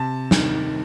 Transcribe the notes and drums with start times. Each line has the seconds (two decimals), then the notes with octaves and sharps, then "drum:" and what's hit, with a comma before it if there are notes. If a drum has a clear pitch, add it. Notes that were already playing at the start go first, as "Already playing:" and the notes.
Already playing: C3 A5
0.31 D#3, drum: snare